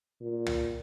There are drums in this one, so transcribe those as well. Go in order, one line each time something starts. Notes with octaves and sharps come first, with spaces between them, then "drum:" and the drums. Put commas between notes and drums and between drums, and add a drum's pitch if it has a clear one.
A#2
drum: tom